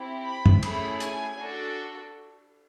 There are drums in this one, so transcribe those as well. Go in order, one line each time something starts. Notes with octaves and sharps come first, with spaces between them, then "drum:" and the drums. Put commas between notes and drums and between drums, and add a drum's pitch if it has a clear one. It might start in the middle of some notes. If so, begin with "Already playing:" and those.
Already playing: C4 E4 G4
B5
drum: tom F#2
A3 C#4 E4 G#4 B5, drum: cymbal
G#5, drum: hi-hat
D4 F#4 A4